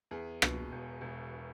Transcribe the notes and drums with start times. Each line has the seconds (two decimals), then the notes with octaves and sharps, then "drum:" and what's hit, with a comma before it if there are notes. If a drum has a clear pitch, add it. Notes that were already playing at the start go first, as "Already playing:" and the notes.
0.11 E2 G#4
0.42 B2, drum: rim click
0.72 E1
1.01 E1